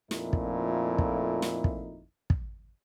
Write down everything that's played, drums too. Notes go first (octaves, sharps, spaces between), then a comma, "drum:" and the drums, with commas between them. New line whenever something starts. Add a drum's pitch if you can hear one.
F2 A#2 A3 D#4 E4, drum: snare
drum: kick
drum: kick
drum: snare
drum: kick
drum: kick